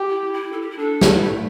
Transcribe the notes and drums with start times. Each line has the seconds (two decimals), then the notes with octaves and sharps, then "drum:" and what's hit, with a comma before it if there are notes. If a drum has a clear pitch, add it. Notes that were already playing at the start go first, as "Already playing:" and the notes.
Already playing: G4
0.10 E4
0.33 E4
0.53 A4
0.62 G4
0.71 E4
0.79 D4 A4
1.01 E4, drum: snare
1.25 A3